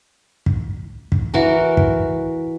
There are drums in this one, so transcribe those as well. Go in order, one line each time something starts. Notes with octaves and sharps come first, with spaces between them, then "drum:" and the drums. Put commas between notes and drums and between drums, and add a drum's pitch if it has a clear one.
drum: kick
drum: kick
E3 F#4 A#4
drum: kick